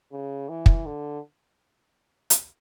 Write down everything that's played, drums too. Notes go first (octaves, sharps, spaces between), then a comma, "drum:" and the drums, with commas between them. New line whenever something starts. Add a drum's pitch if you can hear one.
C#3
E3
drum: kick
D3
drum: hi-hat